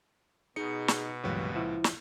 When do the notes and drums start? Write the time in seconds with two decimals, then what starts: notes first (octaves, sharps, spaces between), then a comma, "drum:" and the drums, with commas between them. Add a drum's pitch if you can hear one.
0.56 B2 D#4 G#4 D#5 C#7
0.88 drum: snare
1.24 C#2 G2 A#2 E3 F#3 B4
1.55 F3 E4 E5 F#5
1.84 drum: snare